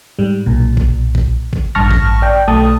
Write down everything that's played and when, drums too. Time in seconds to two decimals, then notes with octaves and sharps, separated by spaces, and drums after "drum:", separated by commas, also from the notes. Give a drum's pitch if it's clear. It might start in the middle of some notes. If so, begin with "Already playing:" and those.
0.19 G#2 G3
0.46 B1 A#2
0.77 drum: kick
1.15 drum: kick
1.53 drum: kick
1.75 A1 G2 A5 C#6 F6 A#6
1.91 drum: kick
2.22 D5 G5
2.47 B1 A3 A5 D#6